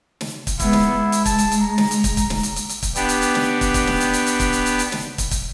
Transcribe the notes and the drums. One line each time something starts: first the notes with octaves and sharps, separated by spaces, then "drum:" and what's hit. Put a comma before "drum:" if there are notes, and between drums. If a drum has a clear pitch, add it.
drum: snare
drum: kick, hi-hat
G#3 B3 E4, drum: kick, hi-hat
drum: snare
G#3
drum: hi-hat
A5, drum: kick, hi-hat
drum: hi-hat
drum: hi-hat
A#5
drum: snare
drum: hi-hat
drum: kick, hi-hat
drum: kick, hi-hat
drum: snare
drum: hi-hat
drum: hi-hat
drum: hi-hat
drum: kick, hi-hat
B3 D4 G4, drum: hi-hat
drum: hi-hat
drum: hi-hat
drum: snare
drum: kick, hi-hat
drum: kick, hi-hat
drum: snare
drum: hi-hat
drum: hi-hat
drum: hi-hat
drum: kick, hi-hat
drum: hi-hat
drum: hi-hat
drum: hi-hat
drum: snare
drum: kick, hi-hat
drum: kick, hi-hat